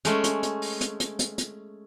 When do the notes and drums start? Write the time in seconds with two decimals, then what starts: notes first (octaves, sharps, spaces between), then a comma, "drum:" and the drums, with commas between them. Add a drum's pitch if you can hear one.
0.05 G#3 A3 C#4, drum: hi-hat
0.24 drum: hi-hat
0.43 drum: hi-hat
0.62 drum: open hi-hat
0.81 drum: hi-hat
1.00 drum: hi-hat
1.19 drum: hi-hat
1.38 drum: hi-hat